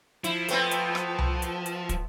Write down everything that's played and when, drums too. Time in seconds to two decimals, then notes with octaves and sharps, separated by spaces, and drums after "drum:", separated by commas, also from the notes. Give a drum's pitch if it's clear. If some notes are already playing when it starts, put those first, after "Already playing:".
0.24 F3 E4, drum: hi-hat
0.48 A3 B3 C4, drum: hi-hat
0.71 drum: hi-hat
0.95 drum: rim click
1.19 drum: tom C2
1.42 drum: hi-hat
1.66 drum: hi-hat
1.89 drum: kick, hi-hat